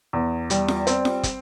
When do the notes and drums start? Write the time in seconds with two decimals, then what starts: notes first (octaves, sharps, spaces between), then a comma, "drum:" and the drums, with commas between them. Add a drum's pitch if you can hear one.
0.13 E2
0.50 G3, drum: hi-hat
0.68 drum: snare F4
0.87 C4, drum: hi-hat
1.05 drum: snare F4
1.23 drum: kick, hi-hat